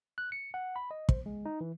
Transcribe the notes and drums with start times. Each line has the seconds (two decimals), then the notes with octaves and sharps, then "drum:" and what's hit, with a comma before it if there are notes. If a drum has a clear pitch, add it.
0.18 F#6
0.32 C#7
0.54 F#5
0.76 B5
0.91 D#5
1.09 C5, drum: kick
1.26 G#3
1.45 D#4
1.61 E3